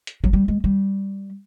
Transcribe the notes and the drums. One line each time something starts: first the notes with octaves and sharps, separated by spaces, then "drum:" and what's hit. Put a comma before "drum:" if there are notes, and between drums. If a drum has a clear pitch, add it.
drum: hi-hat
F#3, drum: kick
G3
G#3
G3